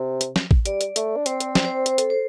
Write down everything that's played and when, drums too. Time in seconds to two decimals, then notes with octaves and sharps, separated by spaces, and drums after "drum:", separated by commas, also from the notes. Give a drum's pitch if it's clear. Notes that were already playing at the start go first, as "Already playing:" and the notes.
Already playing: C3
0.21 drum: hi-hat
0.36 drum: snare
0.51 drum: kick
0.65 G3 D5, drum: hi-hat
0.81 drum: hi-hat
0.96 A3, drum: hi-hat
1.16 D4
1.26 C4 C5, drum: hi-hat
1.40 drum: hi-hat
1.55 drum: snare
1.65 C5
1.86 C5, drum: hi-hat
1.98 A4, drum: hi-hat
2.10 C5